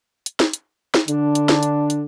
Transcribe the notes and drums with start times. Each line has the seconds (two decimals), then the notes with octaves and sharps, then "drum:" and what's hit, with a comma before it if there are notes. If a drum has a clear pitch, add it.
0.26 drum: hi-hat
0.40 drum: snare
0.53 drum: hi-hat
0.94 drum: snare
1.08 D3 D4, drum: hi-hat
1.35 drum: hi-hat
1.49 drum: snare
1.63 drum: hi-hat
1.90 drum: hi-hat